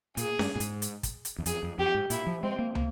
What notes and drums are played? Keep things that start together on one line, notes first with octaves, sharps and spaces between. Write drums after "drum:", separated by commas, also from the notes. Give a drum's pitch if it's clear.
A#2 G#4, drum: hi-hat
G2, drum: snare C#4
A#2
G#2, drum: hi-hat
drum: hi-hat
drum: kick, hi-hat
drum: hi-hat
E2
F2 G#4, drum: hi-hat
F2
F2 G4
G#2
A#2 E4, drum: hi-hat
F3
G#3 C4
A#3
A#3, drum: tom